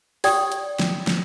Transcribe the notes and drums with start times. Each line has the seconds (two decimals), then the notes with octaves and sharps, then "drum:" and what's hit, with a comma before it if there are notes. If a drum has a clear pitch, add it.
0.24 G4 D5 G5 D#6, drum: open hi-hat
0.52 drum: hi-hat
0.79 drum: snare
1.07 drum: snare